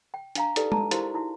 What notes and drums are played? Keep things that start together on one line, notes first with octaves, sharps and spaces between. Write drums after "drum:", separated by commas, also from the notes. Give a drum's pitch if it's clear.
G5
D4 F5 A#5, drum: hi-hat
D#4 G4 A4 B4 D5, drum: hi-hat
A5 A#5, drum: tom G#3
E4 F#4 G4 A#4 C5 F5, drum: hi-hat
D#4 E4 F#4